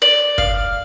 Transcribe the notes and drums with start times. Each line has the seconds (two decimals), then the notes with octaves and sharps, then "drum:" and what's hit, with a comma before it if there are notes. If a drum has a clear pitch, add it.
0.02 D5
0.38 F5, drum: kick